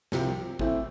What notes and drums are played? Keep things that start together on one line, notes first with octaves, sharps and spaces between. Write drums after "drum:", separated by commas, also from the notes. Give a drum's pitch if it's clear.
C2 C3 F3 C4 G4, drum: snare
A2 E3 A3 C4 E4, drum: kick